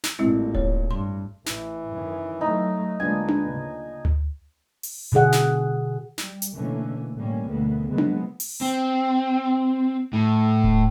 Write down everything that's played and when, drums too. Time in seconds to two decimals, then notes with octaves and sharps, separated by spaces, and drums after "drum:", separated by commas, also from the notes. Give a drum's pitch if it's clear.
0.04 drum: snare
0.19 A1 A#2 G#3 C4 E4
0.55 C#5, drum: kick D#1
0.91 G2 C6
1.46 A1 E3, drum: snare
1.93 F#2 D#3
2.41 F#3 A3 D#4
3.00 D2 G#3 A#3 D4 F4 B4 G#5
3.29 drum: tom D4
3.51 C#3
4.05 drum: tom D2
4.83 drum: open hi-hat
5.12 B2 D3 F#4 G#4 F#5
5.32 drum: snare
6.18 G3, drum: snare
6.42 drum: hi-hat
6.54 B2 D3 E3 A3 A#3 C#4
7.15 A1 G3 A#3 C#4
7.48 D2 B2 A#3 B3
7.88 C#3 F3 F#3 G#3 A#3 B3
7.98 drum: tom D4
8.40 drum: open hi-hat
8.61 C4
10.13 A2
10.64 drum: kick D#1